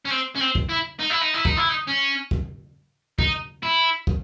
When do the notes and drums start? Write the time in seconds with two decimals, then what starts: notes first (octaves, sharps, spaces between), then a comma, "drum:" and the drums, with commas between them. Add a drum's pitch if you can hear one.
0.05 C#4
0.11 C4
0.36 C#4
0.41 C4
0.55 drum: kick
0.69 E4
1.00 D#4
1.10 E4
1.22 D#4
1.34 E4
1.45 D#4, drum: kick
1.57 E4
1.69 D#4
1.87 C#4
2.31 drum: kick
3.19 D#4, drum: kick
3.63 E4
4.07 drum: kick